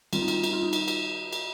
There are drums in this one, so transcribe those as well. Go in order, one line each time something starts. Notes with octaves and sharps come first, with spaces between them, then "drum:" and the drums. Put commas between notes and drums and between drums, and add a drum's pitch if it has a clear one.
D#3 G3 C4 F4, drum: cymbal
D#4
F4, drum: cymbal
D#4, drum: cymbal
F4
D#4
drum: cymbal
drum: cymbal
drum: cymbal